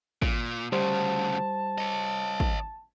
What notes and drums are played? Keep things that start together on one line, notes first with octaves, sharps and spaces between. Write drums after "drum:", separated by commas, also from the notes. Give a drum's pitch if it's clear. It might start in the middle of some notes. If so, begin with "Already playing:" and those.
A#2, drum: kick
D2 C#3 G3 C5 A5
C#5 D#5
drum: kick